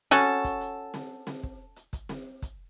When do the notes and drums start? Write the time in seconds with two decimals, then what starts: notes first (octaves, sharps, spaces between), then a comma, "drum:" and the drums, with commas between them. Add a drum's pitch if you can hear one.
0.11 C#4 F#4 A4, drum: snare C4
0.44 drum: kick, hi-hat
0.61 drum: hi-hat
0.94 drum: snare C4
1.27 drum: snare C4
1.43 drum: kick
1.76 drum: hi-hat
1.93 drum: kick, hi-hat
2.09 drum: snare C4
2.42 drum: kick, hi-hat